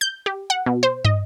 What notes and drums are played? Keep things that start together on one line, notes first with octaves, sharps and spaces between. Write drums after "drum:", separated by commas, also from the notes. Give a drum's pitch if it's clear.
G6
G4
F#5
B2
C5
D#5, drum: tom